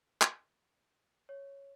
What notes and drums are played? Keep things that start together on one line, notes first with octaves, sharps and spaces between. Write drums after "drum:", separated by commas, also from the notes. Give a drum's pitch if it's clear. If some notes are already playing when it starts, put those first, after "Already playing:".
drum: clap
C#5